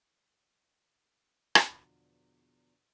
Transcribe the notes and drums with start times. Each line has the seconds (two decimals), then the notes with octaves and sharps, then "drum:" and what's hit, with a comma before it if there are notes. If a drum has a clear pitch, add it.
1.55 E2 B2 D3 F3, drum: rim click